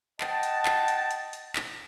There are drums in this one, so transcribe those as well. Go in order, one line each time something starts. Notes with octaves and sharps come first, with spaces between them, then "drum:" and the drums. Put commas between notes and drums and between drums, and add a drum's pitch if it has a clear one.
D#5 F#5 G5 A5, drum: clap
drum: hi-hat
drum: clap
drum: hi-hat
drum: hi-hat
drum: hi-hat
drum: clap